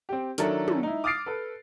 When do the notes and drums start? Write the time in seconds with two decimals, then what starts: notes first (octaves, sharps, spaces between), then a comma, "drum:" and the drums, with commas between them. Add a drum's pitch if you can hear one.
0.09 C4 G4
0.38 D#3 F#3 D4 E4 A4 A#4, drum: hi-hat
0.68 drum: tom
0.83 D#4 E4
1.04 D6 D#6 F6 A6 C7 D7
1.26 A4 B4